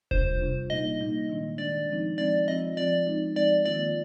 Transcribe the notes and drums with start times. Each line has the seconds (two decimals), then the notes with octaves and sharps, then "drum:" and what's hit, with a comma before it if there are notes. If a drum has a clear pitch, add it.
0.11 C3 G3 D4 F4 C5, drum: kick E1
0.41 C3 G3 D4 F4
0.70 A#2 G3 A#3 D#4 D#5
1.00 A#2 G3 A#3 D#4
1.29 D#3 G#3 D4
1.58 D#3 G#3 D4 D5
1.89 F3 G#3 C4 D#4
2.17 F3 G#3 C4 D#4 D5
2.47 F3 C4 F4 D#5
2.77 F3 C4 F4 D5
3.07 F3 G#3 C4 D#4
3.36 F3 G#3 C4 D#4 D5
3.65 D#3 A#3 F4 D5